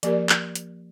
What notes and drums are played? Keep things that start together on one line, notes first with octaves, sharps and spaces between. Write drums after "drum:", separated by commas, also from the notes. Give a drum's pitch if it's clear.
F3 A#3 G4 A#4 D5, drum: hi-hat
drum: clap
drum: hi-hat